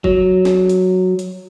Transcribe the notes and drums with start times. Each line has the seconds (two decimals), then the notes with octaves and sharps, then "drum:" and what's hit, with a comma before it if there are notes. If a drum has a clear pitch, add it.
0.04 F#3, drum: kick
0.45 drum: snare
0.69 drum: hi-hat
1.19 drum: hi-hat